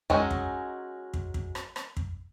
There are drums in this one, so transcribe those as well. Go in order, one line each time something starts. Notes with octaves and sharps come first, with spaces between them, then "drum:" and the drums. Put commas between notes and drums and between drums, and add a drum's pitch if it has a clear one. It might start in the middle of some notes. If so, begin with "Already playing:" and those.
F#3 G#3 C#4 D#4, drum: kick
drum: kick
drum: kick
drum: kick
drum: rim click
drum: rim click
drum: kick